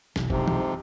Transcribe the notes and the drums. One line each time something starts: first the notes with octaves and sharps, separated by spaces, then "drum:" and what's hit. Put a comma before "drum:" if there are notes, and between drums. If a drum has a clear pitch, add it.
F1 B1 E3, drum: snare
F2 G#2 C3, drum: kick F#1
drum: tom